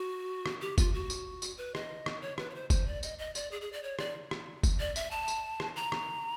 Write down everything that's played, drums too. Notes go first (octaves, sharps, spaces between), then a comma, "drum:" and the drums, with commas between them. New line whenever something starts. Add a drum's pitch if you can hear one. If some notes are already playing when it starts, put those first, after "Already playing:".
Already playing: F#4
drum: rim click
G4
F4, drum: kick, tambourine
F#4
drum: tambourine
drum: tambourine
B4
D#5, drum: rim click
drum: rim click
C#5
B4, drum: rim click
C#5
C5
C5, drum: kick, tambourine
D5
D#5, drum: tambourine
D#5
D5, drum: tambourine
G#4
G#4
D5
C#5
D5, drum: rim click
drum: rim click
drum: kick, tambourine
D5
E5, drum: tambourine
A5
drum: tambourine
drum: rim click
A#5
drum: rim click